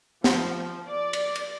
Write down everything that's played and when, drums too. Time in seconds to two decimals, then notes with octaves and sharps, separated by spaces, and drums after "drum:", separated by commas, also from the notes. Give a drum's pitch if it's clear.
0.24 F3, drum: snare
0.88 D5
1.13 drum: cymbal
1.35 drum: cymbal